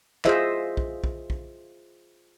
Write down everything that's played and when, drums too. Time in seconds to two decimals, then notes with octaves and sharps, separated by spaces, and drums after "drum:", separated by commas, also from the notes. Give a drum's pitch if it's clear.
0.25 F4 G#4 C5 D#5 E5, drum: clap
0.77 drum: kick B1
1.04 drum: kick B1
1.30 drum: kick B1